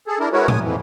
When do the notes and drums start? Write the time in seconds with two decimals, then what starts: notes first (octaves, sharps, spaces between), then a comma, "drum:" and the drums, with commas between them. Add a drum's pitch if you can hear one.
0.07 G#4 A4
0.20 D4 E4 A#4
0.33 G#3 E4 F#4 A#4 B4 C#5
0.48 G#5 D#6, drum: tom A2
0.62 F2 E3